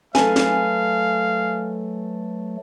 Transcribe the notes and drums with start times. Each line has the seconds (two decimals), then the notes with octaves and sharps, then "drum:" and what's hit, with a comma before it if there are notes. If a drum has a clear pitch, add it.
0.15 F#3 A3 A4 B4 F5 G#5, drum: snare
0.36 drum: snare